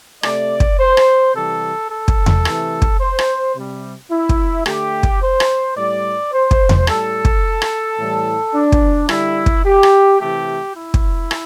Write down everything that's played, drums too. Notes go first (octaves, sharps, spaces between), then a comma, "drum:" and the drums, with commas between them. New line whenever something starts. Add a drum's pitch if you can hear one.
C3 A3 D5, drum: rim click
drum: kick
C5
drum: rim click
C3 E3 G3 A4
A4
drum: kick
drum: tom E2
C3 E3 A3, drum: rim click
drum: kick
C5
drum: rim click
C3 G3
E4
drum: kick
D3 A3 G4, drum: rim click
drum: kick
C5
drum: rim click
A2 G3 D5
C5
drum: kick
drum: tom E2
A2 G3 A4, drum: rim click
drum: kick
drum: rim click
A2 E3 G3
D4
drum: kick
D3 G3 E4, drum: rim click
drum: kick
G4
drum: rim click
C3 E3 A3 G4
E4
drum: kick
drum: rim click